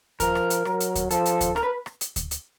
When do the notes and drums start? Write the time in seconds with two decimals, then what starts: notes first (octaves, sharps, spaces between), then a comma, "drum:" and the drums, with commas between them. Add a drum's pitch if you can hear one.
0.20 F3 A#4, drum: kick D2, hi-hat
0.35 drum: rim click
0.50 drum: hi-hat
0.65 F#3, drum: rim click
0.80 drum: hi-hat
0.96 drum: kick D2, hi-hat
1.11 F3 A4, drum: hi-hat
1.26 drum: hi-hat
1.41 drum: kick D2, hi-hat
1.56 A#4, drum: rim click
1.63 B4
1.86 drum: rim click
2.01 drum: hi-hat
2.16 drum: kick D2, hi-hat
2.31 drum: hi-hat